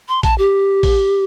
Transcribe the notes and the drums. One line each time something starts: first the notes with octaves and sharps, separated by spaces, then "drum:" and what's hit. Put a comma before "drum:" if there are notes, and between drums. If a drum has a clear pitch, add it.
C6
A5, drum: kick A1, hi-hat
G4
drum: kick A1, open hi-hat